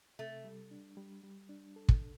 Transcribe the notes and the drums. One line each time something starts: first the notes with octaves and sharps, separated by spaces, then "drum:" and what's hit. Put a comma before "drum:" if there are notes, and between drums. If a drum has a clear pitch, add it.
C3 A3
G3
D4
G3
G3
D4
A4
drum: kick